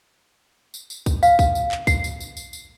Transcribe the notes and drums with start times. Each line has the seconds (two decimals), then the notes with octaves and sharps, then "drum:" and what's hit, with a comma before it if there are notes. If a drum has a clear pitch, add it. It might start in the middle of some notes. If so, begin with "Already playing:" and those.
0.74 drum: tambourine
0.90 drum: tambourine
1.06 drum: kick, tambourine
1.23 F5, drum: tambourine
1.39 drum: kick, tambourine
1.55 drum: tambourine
1.71 drum: clap
1.87 C7, drum: kick, tambourine
2.04 drum: tambourine
2.20 drum: tambourine
2.37 drum: tambourine
2.53 drum: tambourine